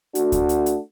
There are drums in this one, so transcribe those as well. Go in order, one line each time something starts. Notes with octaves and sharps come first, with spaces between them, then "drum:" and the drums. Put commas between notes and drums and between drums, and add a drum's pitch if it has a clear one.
A3 D4 F#4, drum: hi-hat
drum: kick D2, hi-hat
drum: hi-hat
drum: hi-hat